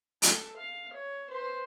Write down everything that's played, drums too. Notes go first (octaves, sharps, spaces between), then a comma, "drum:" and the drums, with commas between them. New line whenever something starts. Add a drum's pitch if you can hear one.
A4, drum: hi-hat
F5
C#5
B4 C5